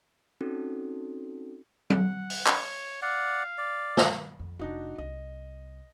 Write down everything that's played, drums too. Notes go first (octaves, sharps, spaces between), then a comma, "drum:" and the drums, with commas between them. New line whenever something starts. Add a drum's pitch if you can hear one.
C4 C#4 D#4 F#4 A4
F#5, drum: tom F#3
drum: open hi-hat
C#5, drum: clap
D5 F5 F#5
D5
drum: snare
F2
F1 D4 D#4 F4 F#4
C2 D#5